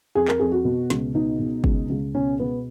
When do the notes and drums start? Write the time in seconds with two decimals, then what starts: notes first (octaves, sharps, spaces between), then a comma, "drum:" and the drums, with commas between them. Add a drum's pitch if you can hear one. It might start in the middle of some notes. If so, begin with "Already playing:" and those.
0.15 F2 G#4
0.28 A#4, drum: clap
0.40 F2 G#4
0.52 F#4
0.65 B2
0.90 C#2, drum: snare
1.15 B2 D#4
1.39 B2
1.64 C#2, drum: kick
1.90 C#2
2.14 B2 C#4
2.40 B2 B3